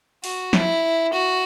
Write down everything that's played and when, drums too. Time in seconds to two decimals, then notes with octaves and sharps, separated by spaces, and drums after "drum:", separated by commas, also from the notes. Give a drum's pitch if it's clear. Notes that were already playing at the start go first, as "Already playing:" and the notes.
0.24 F#4, drum: open hi-hat
0.53 E4, drum: snare
1.13 F#4